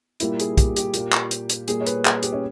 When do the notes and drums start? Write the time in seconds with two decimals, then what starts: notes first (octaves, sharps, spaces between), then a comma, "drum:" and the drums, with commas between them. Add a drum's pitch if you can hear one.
0.20 A#2 G3 A#3 E4, drum: hi-hat
0.39 G#4, drum: hi-hat
0.57 G4, drum: kick, hi-hat
0.76 G4, drum: hi-hat
0.94 A#2 A#3, drum: hi-hat
1.13 drum: clap
1.31 drum: hi-hat
1.49 drum: hi-hat
1.68 A#2 G3 A#3 G#4, drum: hi-hat
1.81 C#5
1.86 B4, drum: hi-hat
2.05 G#4, drum: clap
2.23 G4, drum: hi-hat
2.33 C#4